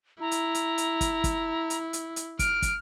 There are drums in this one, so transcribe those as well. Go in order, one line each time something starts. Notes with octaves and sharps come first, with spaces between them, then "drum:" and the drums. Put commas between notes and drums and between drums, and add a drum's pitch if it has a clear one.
E4 A#5
drum: hi-hat
drum: hi-hat
drum: hi-hat
drum: kick, hi-hat
drum: kick, hi-hat
drum: hi-hat
drum: hi-hat
drum: hi-hat
F6 D7, drum: kick, hi-hat
drum: kick, hi-hat